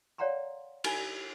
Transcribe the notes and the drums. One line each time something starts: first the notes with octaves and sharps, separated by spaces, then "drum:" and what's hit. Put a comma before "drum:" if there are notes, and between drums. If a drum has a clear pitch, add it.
C#5 D5 F5 F#5 A#5 C6
D#4 G#5 B5, drum: cymbal